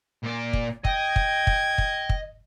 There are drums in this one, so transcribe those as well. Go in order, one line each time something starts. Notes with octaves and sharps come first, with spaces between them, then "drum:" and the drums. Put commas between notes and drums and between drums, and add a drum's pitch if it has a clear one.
A#2 D5
drum: kick
D#5 G5 G#6, drum: kick
drum: kick
drum: kick
drum: kick
drum: kick